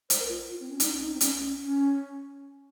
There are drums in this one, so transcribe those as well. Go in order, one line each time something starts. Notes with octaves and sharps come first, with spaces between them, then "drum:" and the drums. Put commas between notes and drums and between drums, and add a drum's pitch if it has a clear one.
C5, drum: hi-hat
A#4
F4
F4
C4
C#4
D#4, drum: hi-hat
C#4
D#4
C4
C#4, drum: hi-hat
C#4
C#4